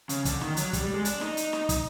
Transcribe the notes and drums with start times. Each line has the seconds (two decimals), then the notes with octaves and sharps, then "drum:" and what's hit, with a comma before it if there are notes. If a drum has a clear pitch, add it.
0.09 C#3, drum: hi-hat
0.25 D3, drum: kick, hi-hat
0.41 D#3, drum: snare
0.57 F#3, drum: hi-hat
0.73 G3, drum: kick, hi-hat
0.84 G3
0.94 G#3
1.05 D4, drum: hi-hat
1.21 D#4, drum: snare
1.37 drum: hi-hat
1.53 drum: snare
1.69 drum: kick, hi-hat